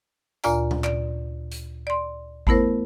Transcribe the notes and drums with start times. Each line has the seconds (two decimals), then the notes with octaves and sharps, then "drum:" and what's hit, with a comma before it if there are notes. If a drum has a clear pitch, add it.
0.44 D2 A#2 F4 D5 G#5 A#5, drum: tambourine
0.71 drum: tom A#2
0.84 D5, drum: clap
1.52 drum: hi-hat
1.87 D5 C6
2.47 A3 B3 E4 A#4 C5, drum: kick G#1